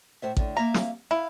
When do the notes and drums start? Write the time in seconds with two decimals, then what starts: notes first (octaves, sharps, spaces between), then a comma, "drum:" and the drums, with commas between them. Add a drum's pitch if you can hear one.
0.22 A2 C5 E5
0.37 A2 D3, drum: kick A1
0.57 A#3 E5 F5 A#5
0.74 drum: snare
1.11 E4 F5